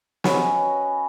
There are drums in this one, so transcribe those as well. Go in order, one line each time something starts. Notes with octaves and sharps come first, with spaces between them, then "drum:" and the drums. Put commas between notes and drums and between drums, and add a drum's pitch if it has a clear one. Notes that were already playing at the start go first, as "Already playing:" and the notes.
C#4 F#4 B4 D#5, drum: snare